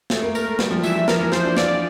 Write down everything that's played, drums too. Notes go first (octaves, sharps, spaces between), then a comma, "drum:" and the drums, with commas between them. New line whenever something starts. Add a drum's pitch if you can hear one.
A3, drum: snare
A#3
A3 A#4, drum: tambourine
A3
G3, drum: snare
F3
E3 E5, drum: tambourine
F3
F3 A#4, drum: snare
E3
F3 C5, drum: snare
D4
F4 D5, drum: snare
D5